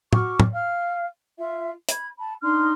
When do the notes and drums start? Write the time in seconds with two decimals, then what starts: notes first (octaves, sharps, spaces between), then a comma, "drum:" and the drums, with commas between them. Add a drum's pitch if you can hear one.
0.13 F#4 C#6 D6 F6, drum: tom
0.40 drum: tom
0.52 F5 F6
1.37 F4 E5
1.89 B5 G#6, drum: hi-hat
2.18 A5 B5
2.42 D4 D#4 C6 F6